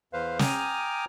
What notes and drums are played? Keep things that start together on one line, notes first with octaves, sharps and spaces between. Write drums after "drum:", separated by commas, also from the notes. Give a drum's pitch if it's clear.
E2 B4 C5 F5
G5 G#5 A#5 D6 D#6 F6, drum: snare